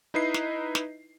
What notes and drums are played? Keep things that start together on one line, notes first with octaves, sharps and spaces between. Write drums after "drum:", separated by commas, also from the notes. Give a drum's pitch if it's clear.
D#4 E4 B4 D#5 C7
drum: snare
drum: snare